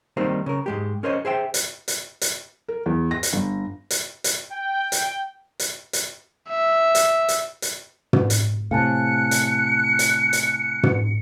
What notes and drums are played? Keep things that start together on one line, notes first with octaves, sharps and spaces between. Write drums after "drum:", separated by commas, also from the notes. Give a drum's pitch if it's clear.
D#3 G3 A#3 C4 D#4 C5
C#3 A#4
G#2 G#3 G4
C#4 A#4 C5 C#5 D#5
G#4 C5 E5 G5
drum: hi-hat
drum: hi-hat
drum: hi-hat
A#4
E2
A#6
drum: hi-hat
G1
drum: hi-hat
drum: hi-hat
G5
drum: hi-hat
drum: hi-hat
drum: hi-hat
E5
drum: hi-hat
drum: hi-hat
drum: hi-hat
drum: tom
drum: hi-hat
A2 C3 F5 G#5 A5 F#6 C#7
drum: hi-hat
drum: hi-hat
drum: hi-hat
drum: tom